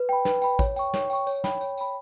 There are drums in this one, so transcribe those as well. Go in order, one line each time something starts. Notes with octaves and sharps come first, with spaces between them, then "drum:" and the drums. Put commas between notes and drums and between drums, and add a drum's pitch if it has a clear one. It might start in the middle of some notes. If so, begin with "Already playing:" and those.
Already playing: B4
G5 B5
B4, drum: snare
G5 B5, drum: tambourine
C#5, drum: kick A1, tambourine
G5 C#6, drum: tambourine
C#5, drum: snare
G5 C#6, drum: tambourine
C#5, drum: tambourine
G5 B5, drum: snare
C#5, drum: tambourine
G5 B5, drum: tambourine